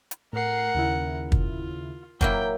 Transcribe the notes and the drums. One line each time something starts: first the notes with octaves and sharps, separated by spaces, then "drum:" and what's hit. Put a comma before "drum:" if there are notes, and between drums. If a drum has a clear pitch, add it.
drum: hi-hat
A2 A#4 F#5 C7
D#2 C#3 E4
F4, drum: kick
F#3 A#3 E4 G5, drum: kick